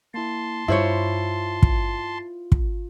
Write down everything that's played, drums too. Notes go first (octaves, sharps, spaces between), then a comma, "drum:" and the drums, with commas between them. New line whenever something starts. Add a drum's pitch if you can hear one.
A#3 E4 A5 C6
G2 G3 E4 F4 C5 C#5
drum: kick
drum: kick